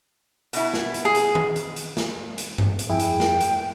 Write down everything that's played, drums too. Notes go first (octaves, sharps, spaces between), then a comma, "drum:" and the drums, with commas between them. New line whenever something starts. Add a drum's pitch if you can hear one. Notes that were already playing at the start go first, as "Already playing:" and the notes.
B2 E4, drum: hi-hat
drum: snare
drum: hi-hat
G#4
drum: hi-hat
drum: tom D#3
drum: hi-hat
drum: hi-hat
drum: snare
drum: hi-hat
drum: tom G2
drum: hi-hat
F2 E4 G#4 G5
drum: hi-hat
drum: snare
drum: hi-hat